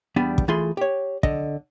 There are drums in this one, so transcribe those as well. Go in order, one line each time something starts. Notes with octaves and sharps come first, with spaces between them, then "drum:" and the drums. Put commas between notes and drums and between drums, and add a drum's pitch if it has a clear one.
E2 G3 B3 D4
drum: kick
E3 A3 F4 G#4 B5 C6
G4 C#5
D3 D#5, drum: kick